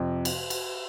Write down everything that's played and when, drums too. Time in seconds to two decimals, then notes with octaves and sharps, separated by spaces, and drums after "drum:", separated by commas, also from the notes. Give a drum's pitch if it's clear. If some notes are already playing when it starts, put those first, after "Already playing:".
Already playing: F2 C3
0.25 drum: cymbal
0.50 drum: cymbal